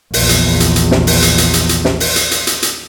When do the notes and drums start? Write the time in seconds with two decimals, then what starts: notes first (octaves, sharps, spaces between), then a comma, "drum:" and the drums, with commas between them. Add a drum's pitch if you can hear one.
0.14 A#1 E2, drum: open hi-hat
0.29 drum: hi-hat
0.60 drum: hi-hat
0.76 drum: hi-hat
0.91 drum: snare
1.07 drum: open hi-hat
1.22 drum: hi-hat
1.38 drum: hi-hat
1.54 drum: hi-hat
1.69 drum: hi-hat
1.85 drum: snare
2.00 drum: open hi-hat
2.16 drum: hi-hat
2.31 drum: hi-hat
2.47 drum: hi-hat
2.63 drum: hi-hat